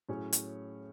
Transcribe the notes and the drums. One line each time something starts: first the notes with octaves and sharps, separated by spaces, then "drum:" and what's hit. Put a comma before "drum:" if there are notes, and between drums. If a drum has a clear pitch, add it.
A2 F#3 C#4 G#4 C#5
drum: hi-hat